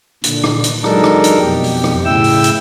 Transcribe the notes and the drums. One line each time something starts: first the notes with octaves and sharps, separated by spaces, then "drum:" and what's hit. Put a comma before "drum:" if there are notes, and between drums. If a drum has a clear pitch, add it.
A#2 D3, drum: hi-hat
drum: rim click
drum: hi-hat
F#3 G#3 D4 D#4 A4 A#4, drum: rim click
drum: rim click
drum: hi-hat
F2 B2 G4
drum: open hi-hat
drum: rim click
A2 C#3 E4 G5 E6
drum: open hi-hat
drum: hi-hat